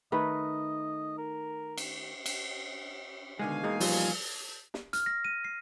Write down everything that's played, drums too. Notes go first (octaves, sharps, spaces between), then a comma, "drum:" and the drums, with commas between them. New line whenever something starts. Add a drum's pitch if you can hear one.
D#3 A3 B4 D#5
A#4
drum: cymbal
drum: cymbal
B2 D3 D#3 G#3 F5 G#5
E3 G#3 A#3 D#4
F3 G3 F4, drum: open hi-hat
drum: snare
F6, drum: hi-hat
A#6
D#7
C7